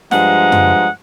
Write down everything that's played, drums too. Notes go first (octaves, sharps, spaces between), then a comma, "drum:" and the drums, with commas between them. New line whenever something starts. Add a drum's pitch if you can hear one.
G2 F3 G#3 F#5 A#5, drum: snare
drum: tom F#2